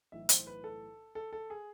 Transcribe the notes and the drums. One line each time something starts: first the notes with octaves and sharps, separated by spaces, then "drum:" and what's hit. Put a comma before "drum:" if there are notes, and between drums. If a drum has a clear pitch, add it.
B1 A2 E3 E5
C5, drum: hi-hat
B4
A4
A4
A4
G#4